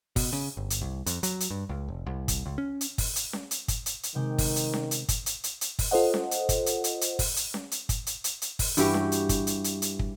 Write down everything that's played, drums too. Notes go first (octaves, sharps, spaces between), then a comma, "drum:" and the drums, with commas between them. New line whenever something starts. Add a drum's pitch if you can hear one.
B2, drum: kick, open hi-hat
C#3
G1
drum: hi-hat
C2
F2, drum: hi-hat
F#3, drum: hi-hat
drum: hi-hat
G2
C#2
F1
C2
drum: kick, hi-hat
C#2
C#4
drum: hi-hat
drum: kick, open hi-hat
drum: hi-hat
drum: snare C#4
drum: hi-hat
drum: kick, hi-hat
drum: hi-hat
drum: hi-hat
C3 D#3 G#3 G5
drum: kick, open hi-hat
drum: hi-hat
drum: snare C#4
drum: hi-hat
drum: kick, hi-hat
drum: hi-hat
drum: hi-hat
drum: hi-hat
drum: kick, open hi-hat
F4 A4 C5 D#5 F#5
drum: snare C#4
drum: hi-hat
drum: kick, hi-hat
drum: hi-hat
drum: hi-hat
drum: hi-hat
drum: kick, open hi-hat
drum: hi-hat
drum: snare C#4
drum: hi-hat
drum: kick, hi-hat
drum: hi-hat
drum: hi-hat
drum: hi-hat
drum: kick, open hi-hat
G2 E3 F#4 G4, drum: hi-hat
drum: snare C#4
drum: hi-hat
drum: kick, hi-hat
drum: hi-hat
drum: hi-hat
drum: hi-hat
drum: kick